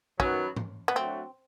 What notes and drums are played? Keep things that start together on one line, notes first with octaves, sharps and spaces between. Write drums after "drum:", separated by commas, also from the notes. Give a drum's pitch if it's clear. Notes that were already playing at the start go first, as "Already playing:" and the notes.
F#2 D#3 F#3 B3 C#4, drum: kick
drum: tom G#2
B3
F#3 A3 C4 D4 F#4